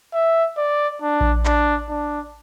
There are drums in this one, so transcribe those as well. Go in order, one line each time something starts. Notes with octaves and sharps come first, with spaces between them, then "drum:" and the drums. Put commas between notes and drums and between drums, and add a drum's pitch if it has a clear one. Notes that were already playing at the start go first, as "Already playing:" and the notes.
E5
D5
D4
drum: kick A#1
D4, drum: clap
D4